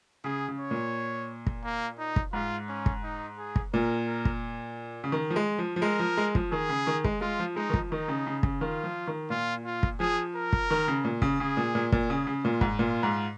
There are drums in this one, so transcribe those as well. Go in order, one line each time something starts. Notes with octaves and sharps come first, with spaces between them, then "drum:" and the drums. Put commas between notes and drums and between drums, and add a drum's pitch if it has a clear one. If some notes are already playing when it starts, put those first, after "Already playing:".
C#3 G#4
C#3
C#5
A#2
drum: kick
A#3
D#4
drum: kick
G#2 F4
C#4
drum: kick
D#4
G#4
drum: kick
A#2 A#4
A#4
drum: kick
C#3
D#3
F3
G#3
F3
F3
G#3 A#4
F3
G#3
F3, drum: kick
D#3 G#4
C#3
D#3
G#3, drum: kick
G#3 F4
F3
G#3 D#4
D#3
F3, drum: kick
D#3 D#4
C#3
C#3
C#3, drum: kick
D#3 F4
F3
D#3
A#2 F4
F4
drum: kick
F3 G#4
A#4
drum: kick
D#3
C#3
A#2
C#3, drum: kick
C#3 G#4
A#2
A#2
A#2, drum: kick
C#3 G#4
C#3
A#2 F4
G#2, drum: kick
A#2 F4
G#2